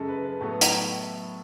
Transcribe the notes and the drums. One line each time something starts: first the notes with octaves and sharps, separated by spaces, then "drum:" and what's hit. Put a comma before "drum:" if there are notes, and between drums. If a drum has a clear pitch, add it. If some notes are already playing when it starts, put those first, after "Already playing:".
Already playing: F#2 C#3 G#3 A4
B4
B4
A2 F#3 B3 A4
drum: hi-hat